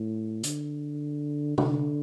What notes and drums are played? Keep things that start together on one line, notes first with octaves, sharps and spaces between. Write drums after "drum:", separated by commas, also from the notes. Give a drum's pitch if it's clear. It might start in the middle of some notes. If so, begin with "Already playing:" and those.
Already playing: A2
D3, drum: hi-hat
D3, drum: tom